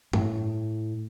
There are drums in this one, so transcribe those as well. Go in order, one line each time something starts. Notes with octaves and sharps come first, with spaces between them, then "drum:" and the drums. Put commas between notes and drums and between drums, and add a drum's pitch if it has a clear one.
A2, drum: tom G2